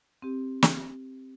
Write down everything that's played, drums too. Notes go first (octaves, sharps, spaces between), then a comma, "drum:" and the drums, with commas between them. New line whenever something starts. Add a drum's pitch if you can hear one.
C4 G4
drum: snare